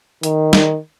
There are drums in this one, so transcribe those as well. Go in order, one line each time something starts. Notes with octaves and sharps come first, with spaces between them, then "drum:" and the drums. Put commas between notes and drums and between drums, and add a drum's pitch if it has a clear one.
D#3, drum: hi-hat
drum: snare